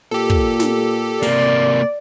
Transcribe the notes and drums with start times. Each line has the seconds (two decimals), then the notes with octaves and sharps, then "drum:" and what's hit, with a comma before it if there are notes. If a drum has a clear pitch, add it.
0.11 A#2 G4 A4
0.30 drum: kick
0.60 drum: snare
1.23 C3 A#3 D5, drum: open hi-hat